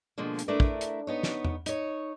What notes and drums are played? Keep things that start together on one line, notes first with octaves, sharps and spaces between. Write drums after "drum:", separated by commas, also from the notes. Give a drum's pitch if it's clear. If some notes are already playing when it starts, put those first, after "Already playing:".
B2 D3 F3 G#3 A#3
drum: hi-hat
A3 D4 E4 A#4 B4
drum: kick
drum: hi-hat
B3 D#4 C#5
drum: snare
drum: tom E2
D#4 C#5, drum: hi-hat